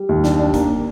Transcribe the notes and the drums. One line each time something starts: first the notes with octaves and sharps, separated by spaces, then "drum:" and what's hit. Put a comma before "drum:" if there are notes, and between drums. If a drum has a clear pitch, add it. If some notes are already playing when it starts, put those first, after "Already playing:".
Already playing: G3
D#2
D4, drum: snare
D4
A#3, drum: kick, hi-hat